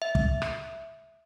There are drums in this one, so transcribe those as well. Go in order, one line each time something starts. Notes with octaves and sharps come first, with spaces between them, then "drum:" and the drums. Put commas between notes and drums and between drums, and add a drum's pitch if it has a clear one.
E5
drum: kick
drum: rim click